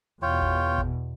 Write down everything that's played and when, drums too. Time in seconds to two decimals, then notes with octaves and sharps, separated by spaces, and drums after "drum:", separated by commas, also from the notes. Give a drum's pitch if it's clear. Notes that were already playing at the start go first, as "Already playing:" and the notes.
0.22 E2 B2 F4 C#5 G5
0.41 drum: kick G1
0.78 drum: kick G1